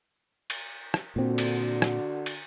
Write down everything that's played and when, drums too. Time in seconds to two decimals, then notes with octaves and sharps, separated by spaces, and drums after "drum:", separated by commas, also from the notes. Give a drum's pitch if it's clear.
0.50 drum: cymbal
0.94 drum: rim click
1.16 A#2 D3 C4 F#4
1.38 drum: cymbal
1.82 drum: rim click
2.26 drum: cymbal